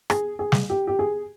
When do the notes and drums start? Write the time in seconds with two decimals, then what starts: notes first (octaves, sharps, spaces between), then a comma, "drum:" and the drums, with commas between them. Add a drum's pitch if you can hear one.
0.10 G#4, drum: rim click
0.39 G#4
0.52 drum: snare
0.70 G4
0.87 G4
0.99 G#4